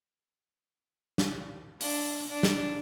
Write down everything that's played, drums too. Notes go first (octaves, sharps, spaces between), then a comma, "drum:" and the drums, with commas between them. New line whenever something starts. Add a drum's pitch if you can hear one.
drum: snare
D4, drum: open hi-hat
D4
drum: snare